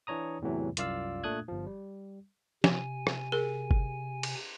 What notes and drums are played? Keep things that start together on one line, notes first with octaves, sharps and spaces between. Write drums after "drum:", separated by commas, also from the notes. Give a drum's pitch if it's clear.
E3 D4 C#5 A#5 D#6
E2 A2 C3 E3 F#3
C2 F#2 F4 D5 F5 E6, drum: hi-hat
A#2 A3 D4 D#6 F#6 G#6
G1 F3
G3
C3 G#5, drum: snare
drum: rim click
G#4 A#4
drum: kick G1
drum: cymbal